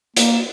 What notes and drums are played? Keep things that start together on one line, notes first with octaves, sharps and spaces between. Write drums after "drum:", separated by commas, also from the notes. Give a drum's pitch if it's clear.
A#3, drum: hi-hat